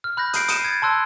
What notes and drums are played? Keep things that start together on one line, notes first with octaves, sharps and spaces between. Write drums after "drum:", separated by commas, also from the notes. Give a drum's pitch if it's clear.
F6
B5 F#6 G6 A#6
D#6 F#6 G6 C7 D7, drum: hi-hat
D#6 C7 C#7 D#7 E7, drum: hi-hat
G#6 A6
A5 C6 E6 F#6